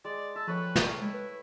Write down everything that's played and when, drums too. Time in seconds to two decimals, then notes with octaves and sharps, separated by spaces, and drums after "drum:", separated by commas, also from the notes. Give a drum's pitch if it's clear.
0.05 G#3 D5
0.36 E5 A5 E6
0.47 F3 A3 B4 C#5 G5
0.76 drum: snare
0.86 F4 G#4
1.01 G#3 E4
1.14 B4